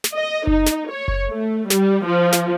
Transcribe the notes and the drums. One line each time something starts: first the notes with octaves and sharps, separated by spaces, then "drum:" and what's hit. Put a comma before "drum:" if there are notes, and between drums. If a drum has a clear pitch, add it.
drum: snare
D#5
D#4, drum: kick F#1
drum: snare
C#5
drum: kick F#1
A3
G3, drum: snare
F3
drum: snare